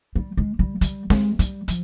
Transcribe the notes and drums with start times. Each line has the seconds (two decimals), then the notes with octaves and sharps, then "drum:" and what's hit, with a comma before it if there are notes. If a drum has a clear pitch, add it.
0.16 G3
0.37 G#3
0.59 G3
0.81 G3, drum: hi-hat
1.10 G#3, drum: snare C4
1.39 G3, drum: hi-hat
1.68 F3, drum: hi-hat